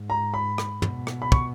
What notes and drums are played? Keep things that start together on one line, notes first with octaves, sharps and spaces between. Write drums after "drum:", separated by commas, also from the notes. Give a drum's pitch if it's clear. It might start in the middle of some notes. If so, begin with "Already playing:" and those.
Already playing: G#2
A#5
B5
drum: rim click
B2, drum: tom
drum: rim click
B5
C#6, drum: kick